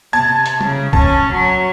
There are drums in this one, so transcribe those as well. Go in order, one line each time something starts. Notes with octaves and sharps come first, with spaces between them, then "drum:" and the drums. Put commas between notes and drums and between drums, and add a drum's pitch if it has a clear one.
C3 A5 G#6
drum: hi-hat
C#3, drum: tom G3
C#4 A5, drum: kick
F#3